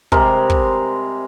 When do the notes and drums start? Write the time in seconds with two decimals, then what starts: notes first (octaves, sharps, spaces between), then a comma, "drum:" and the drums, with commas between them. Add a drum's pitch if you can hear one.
0.12 C3 G3 G#3 A#4, drum: kick
0.50 drum: kick